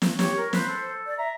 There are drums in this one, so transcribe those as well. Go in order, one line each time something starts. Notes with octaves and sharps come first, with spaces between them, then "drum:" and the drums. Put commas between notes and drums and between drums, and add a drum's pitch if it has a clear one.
drum: snare
G4 C#5, drum: snare
A#4
B4 C5, drum: snare
A4
D5
E5 A#5